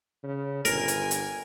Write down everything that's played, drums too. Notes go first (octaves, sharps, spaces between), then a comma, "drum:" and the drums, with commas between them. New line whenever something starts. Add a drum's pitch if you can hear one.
C#3
G1 A#4 G#5, drum: hi-hat
drum: hi-hat
drum: hi-hat